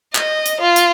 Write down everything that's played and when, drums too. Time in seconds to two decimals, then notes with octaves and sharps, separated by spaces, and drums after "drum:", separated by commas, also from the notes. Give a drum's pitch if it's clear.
0.15 D#5, drum: clap
0.46 drum: hi-hat
0.61 F4
0.76 drum: hi-hat